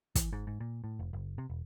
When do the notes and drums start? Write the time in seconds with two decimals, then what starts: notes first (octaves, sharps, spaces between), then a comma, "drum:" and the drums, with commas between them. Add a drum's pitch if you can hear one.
0.15 E3, drum: kick, hi-hat
0.33 G#2
0.47 G#2
0.60 A#2
0.84 A2
0.99 F1
1.13 F#1
1.38 C3
1.50 E1